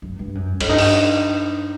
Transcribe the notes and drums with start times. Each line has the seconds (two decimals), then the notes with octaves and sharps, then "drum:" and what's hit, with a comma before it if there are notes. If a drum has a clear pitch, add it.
0.02 F#2
0.19 G2
0.35 F#2
0.61 F#2, drum: cymbal
0.69 G2 D#4
0.78 drum: open hi-hat